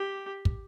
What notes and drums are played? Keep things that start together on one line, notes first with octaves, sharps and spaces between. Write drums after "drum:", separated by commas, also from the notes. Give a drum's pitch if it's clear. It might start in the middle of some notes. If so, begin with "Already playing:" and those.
Already playing: G4
drum: kick